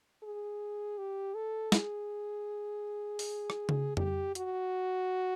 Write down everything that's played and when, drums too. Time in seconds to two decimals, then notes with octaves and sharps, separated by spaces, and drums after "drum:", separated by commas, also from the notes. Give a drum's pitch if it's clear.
0.22 G#4
0.98 G4
1.35 A4
1.72 G#4, drum: snare
3.19 drum: open hi-hat
3.50 drum: rim click
3.69 drum: tom C#3
3.97 G4, drum: tom F2
4.35 F#4, drum: hi-hat